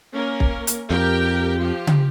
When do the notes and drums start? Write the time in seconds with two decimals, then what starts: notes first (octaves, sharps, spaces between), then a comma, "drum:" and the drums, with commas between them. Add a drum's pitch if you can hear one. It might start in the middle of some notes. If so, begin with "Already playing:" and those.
0.10 A#3 C#4 A#4
0.40 drum: kick
0.67 drum: hi-hat
0.91 F2 G4 A#4 G5
1.59 F3 G4
1.87 drum: tom C#3